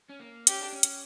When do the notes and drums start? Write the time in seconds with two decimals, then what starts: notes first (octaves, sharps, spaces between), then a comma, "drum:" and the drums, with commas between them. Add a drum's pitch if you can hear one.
0.09 C#4
0.20 A#3
0.47 C#4 G4, drum: hi-hat
0.60 D4
0.72 C#4
0.83 drum: hi-hat